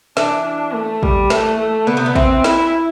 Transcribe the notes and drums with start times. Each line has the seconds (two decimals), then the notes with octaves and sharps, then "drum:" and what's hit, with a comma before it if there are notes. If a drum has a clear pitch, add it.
0.17 E3 D4, drum: snare
0.46 D4
0.74 A3
1.03 G3, drum: kick
1.30 E3 A3, drum: snare
1.59 A3
1.87 D3 B3
1.97 C3
2.06 D3
2.15 E3 C4, drum: kick
2.44 E4, drum: snare